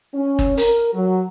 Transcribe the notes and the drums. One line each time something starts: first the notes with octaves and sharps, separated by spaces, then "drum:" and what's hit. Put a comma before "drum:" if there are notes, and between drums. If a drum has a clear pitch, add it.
C#4
drum: kick
A#4, drum: hi-hat
F#3